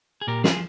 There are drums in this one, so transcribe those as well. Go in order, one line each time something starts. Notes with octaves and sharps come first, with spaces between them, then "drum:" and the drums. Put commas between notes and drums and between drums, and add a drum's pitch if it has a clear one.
G#4
A#2 G4 A#4
F3 F4 G#4, drum: snare